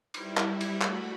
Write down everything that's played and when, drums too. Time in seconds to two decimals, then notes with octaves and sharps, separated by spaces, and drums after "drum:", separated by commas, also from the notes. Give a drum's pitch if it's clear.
0.14 G3 E4, drum: cymbal
0.37 drum: clap
0.61 drum: cymbal
0.82 A3 F#4 B5, drum: clap